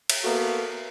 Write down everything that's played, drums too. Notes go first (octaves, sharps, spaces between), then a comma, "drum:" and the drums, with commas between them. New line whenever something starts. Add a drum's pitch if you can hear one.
drum: cymbal
A#3 B3 F#4 A4